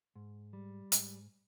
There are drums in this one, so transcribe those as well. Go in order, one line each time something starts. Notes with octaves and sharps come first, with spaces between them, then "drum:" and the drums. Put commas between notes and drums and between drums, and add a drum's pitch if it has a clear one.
G#2
G3
G#2, drum: hi-hat